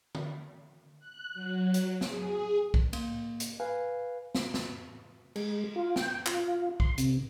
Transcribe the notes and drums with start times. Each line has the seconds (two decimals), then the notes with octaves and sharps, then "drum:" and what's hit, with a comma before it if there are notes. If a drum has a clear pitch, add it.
0.15 drum: tom D3
0.99 F#6
1.33 F#3
1.74 drum: hi-hat
2.01 G#4, drum: snare
2.74 drum: kick
2.93 A#3, drum: cymbal
3.40 drum: hi-hat
3.60 B4 F5 G#5
4.35 drum: snare
4.54 drum: snare
5.36 G#3, drum: cymbal
5.76 F4
5.96 G5, drum: snare
6.26 F4, drum: clap
6.80 C6, drum: kick
6.98 C3, drum: hi-hat